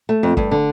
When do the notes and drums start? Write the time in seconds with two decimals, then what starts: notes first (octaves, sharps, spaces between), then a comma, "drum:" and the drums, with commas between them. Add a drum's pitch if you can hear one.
0.09 A3
0.23 F2
0.37 G2, drum: kick
0.51 D3